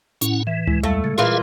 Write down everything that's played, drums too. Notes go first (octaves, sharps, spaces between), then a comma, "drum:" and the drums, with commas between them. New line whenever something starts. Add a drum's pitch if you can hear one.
A2 C#4 E4 F#5, drum: hi-hat
E3 E5
G#3 E4, drum: tom C#2
E2 G3 A3 F5 A5
C#3 A6
A#2 E3 F4 G#4 E5 F5